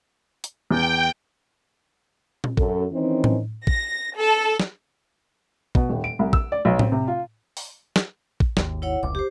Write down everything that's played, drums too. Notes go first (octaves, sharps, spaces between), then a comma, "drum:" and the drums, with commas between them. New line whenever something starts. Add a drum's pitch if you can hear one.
drum: hi-hat
E2 G5
drum: tom A#2
F#2 A4, drum: kick
D#3 E3 C4 C#4 D#4
drum: tom A2
A#6, drum: kick
A4
drum: snare
B2, drum: kick
D#1
D7
C2
E6, drum: kick
D5
B1
C4, drum: tom A2
C3
F4
drum: open hi-hat
drum: snare
drum: kick
G#1 D#2, drum: snare
E4 C#5 F#5
F1 C#2 D6
G4 C5